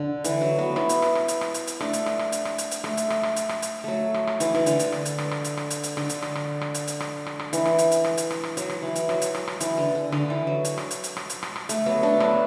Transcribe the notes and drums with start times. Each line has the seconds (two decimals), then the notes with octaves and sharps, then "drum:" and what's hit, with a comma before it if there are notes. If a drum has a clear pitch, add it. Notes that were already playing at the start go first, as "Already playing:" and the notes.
Already playing: D3
0.24 E3, drum: hi-hat
0.41 F#3
0.58 F#3 B3
0.76 B3 E4, drum: rim click
0.89 drum: hi-hat
1.02 drum: rim click
1.15 drum: rim click
1.28 drum: hi-hat
1.41 drum: rim click
1.54 drum: hi-hat
1.67 drum: hi-hat
1.80 A3 D4, drum: rim click
1.93 drum: hi-hat
2.06 drum: rim click
2.19 drum: rim click
2.32 drum: hi-hat
2.45 drum: rim click
2.58 drum: hi-hat
2.71 drum: hi-hat
2.84 A3, drum: rim click
2.97 drum: hi-hat
3.10 drum: rim click
3.23 drum: rim click
3.36 drum: hi-hat
3.49 drum: rim click
3.62 drum: hi-hat
3.84 F#3 A3
4.14 drum: rim click
4.27 drum: rim click
4.40 E3, drum: hi-hat
4.55 E3, drum: rim click
4.66 D3, drum: hi-hat
4.79 drum: hi-hat
4.92 drum: rim click
5.05 drum: hi-hat
5.18 drum: rim click
5.31 drum: rim click
5.44 drum: hi-hat
5.57 drum: rim click
5.70 drum: hi-hat
5.83 drum: hi-hat
5.97 D3, drum: rim click
6.09 drum: hi-hat
6.22 drum: rim click
6.35 drum: rim click
6.61 drum: rim click
6.74 drum: hi-hat
6.87 drum: hi-hat
7.00 drum: rim click
7.26 drum: rim click
7.39 drum: rim click
7.53 E3, drum: hi-hat
7.65 drum: rim click
7.78 drum: hi-hat
7.91 drum: hi-hat
8.04 drum: rim click
8.17 drum: hi-hat
8.30 drum: rim click
8.43 drum: rim click
8.57 F#3, drum: hi-hat
8.69 drum: rim click
8.82 E3
8.95 drum: hi-hat
9.09 F#3, drum: rim click
9.21 drum: hi-hat
9.34 drum: rim click
9.47 drum: rim click
9.60 E3, drum: hi-hat
9.78 D3
9.95 D3
10.12 D3, drum: rim click
10.30 E3
10.47 F#3
10.65 drum: hi-hat
10.78 drum: rim click
10.91 drum: hi-hat
11.04 drum: hi-hat
11.17 drum: rim click
11.30 drum: hi-hat
11.43 drum: rim click
11.56 drum: rim click
11.69 A3, drum: hi-hat
11.86 F#3 B3
12.03 A3 D4
12.20 F#3 B3, drum: rim click